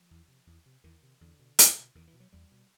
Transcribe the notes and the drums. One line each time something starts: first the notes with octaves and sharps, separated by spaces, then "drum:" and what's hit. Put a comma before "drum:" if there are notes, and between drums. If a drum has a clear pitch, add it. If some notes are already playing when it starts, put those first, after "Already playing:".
Already playing: F3
E2
C3
E2
C3
E2 D#3
C3
E2 D3
B2
E2, drum: hi-hat
B2
E2 D#3
E3
B2
F#3
E2 G3
B2